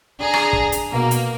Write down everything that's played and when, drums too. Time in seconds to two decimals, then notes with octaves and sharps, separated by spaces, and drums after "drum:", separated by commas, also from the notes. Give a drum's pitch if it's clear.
0.20 D4 G#4 A#5
0.34 drum: rim click
0.53 drum: kick
0.72 drum: hi-hat
0.92 B2 A#3
1.11 drum: hi-hat